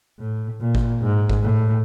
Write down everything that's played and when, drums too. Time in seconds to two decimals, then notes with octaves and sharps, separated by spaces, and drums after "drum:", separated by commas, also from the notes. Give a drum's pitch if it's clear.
0.20 A2
0.61 A#2
0.75 drum: kick G#1
1.02 G#2
1.30 drum: kick G#1
1.43 A2